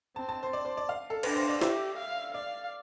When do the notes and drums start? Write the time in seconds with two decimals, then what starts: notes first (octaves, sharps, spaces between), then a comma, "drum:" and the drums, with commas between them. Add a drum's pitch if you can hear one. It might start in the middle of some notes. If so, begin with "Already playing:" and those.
0.16 C4 A5
0.29 A5
0.43 C5
0.53 D5
0.65 C5
0.77 D5
0.89 F5
1.10 A4
1.23 D4 B4, drum: cymbal
1.36 C5
1.49 D5
1.62 G4 E5, drum: snare
1.98 F5
2.34 D5 F5